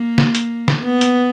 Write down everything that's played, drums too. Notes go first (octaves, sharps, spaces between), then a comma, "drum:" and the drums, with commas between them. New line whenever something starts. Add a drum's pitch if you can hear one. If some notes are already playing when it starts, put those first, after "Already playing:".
Already playing: A#3
drum: snare
drum: hi-hat
drum: snare
B3
drum: hi-hat